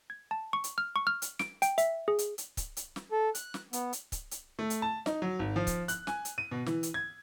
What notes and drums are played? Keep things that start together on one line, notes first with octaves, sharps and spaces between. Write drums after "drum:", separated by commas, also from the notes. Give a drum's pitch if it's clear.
G#6
A5
C#6
drum: hi-hat
F6
C#6
F6
drum: hi-hat
D7, drum: snare
G5, drum: hi-hat
E5, drum: hi-hat
G#4
drum: hi-hat
drum: hi-hat
drum: kick C#1, hi-hat
drum: hi-hat
drum: snare
A4
F#6, drum: hi-hat
drum: snare
B3, drum: hi-hat
drum: hi-hat
drum: kick C#1, hi-hat
drum: hi-hat
A3
drum: hi-hat
A5
D#4, drum: snare
F#3
G#1
F3
drum: kick C#1, hi-hat
F#6, drum: hi-hat
G#5, drum: snare
drum: hi-hat
D#7
B2
E3, drum: snare
drum: hi-hat
G#6